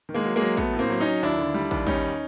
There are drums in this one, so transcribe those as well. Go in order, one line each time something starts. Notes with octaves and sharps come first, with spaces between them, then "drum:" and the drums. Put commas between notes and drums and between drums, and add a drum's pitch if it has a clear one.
D#3
G#3 A#3
F#3
G#3 A#3
F#3
F#3 A3 B3, drum: kick
A2
A#3 C4
F#3
C#4 D#4
F#3
D#2 D4 E4
D3
G3
D#2, drum: kick
G3 C#4 D#4, drum: kick